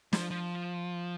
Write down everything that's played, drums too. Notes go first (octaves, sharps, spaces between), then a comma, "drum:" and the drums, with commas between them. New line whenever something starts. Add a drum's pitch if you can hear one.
F3, drum: snare
F3